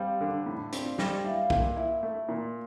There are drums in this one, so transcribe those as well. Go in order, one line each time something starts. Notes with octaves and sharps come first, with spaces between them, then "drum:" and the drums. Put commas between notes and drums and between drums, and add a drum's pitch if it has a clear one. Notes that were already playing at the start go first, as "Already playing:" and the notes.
Already playing: G3 C4 F5
D3
A2
C4 D4, drum: hi-hat
F4
G3 D5, drum: snare
E4 F5
A#2 G5, drum: kick
E4
A3
A#2